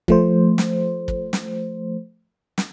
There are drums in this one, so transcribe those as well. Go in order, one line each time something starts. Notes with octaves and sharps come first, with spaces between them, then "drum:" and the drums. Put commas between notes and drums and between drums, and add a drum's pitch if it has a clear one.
F3 A3 C5, drum: kick
drum: snare
drum: kick
drum: snare
drum: snare